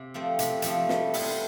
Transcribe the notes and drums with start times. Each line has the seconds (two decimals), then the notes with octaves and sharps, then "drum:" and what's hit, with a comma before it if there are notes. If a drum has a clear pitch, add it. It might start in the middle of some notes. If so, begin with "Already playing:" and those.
Already playing: C3
0.14 F3 A3 C4
0.39 C3, drum: hi-hat
0.62 F3 A3 C4, drum: hi-hat
0.89 G3, drum: snare
1.14 B3 E4 A4 C5, drum: open hi-hat